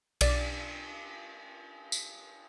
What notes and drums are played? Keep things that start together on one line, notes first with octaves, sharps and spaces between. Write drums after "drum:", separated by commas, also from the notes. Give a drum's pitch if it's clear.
B1 D5 A6, drum: cymbal
drum: tambourine